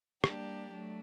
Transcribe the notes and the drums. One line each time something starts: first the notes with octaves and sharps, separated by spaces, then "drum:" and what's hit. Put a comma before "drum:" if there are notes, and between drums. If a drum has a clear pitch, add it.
G3 A#3 D4 G4, drum: rim click
F#3 A3 D4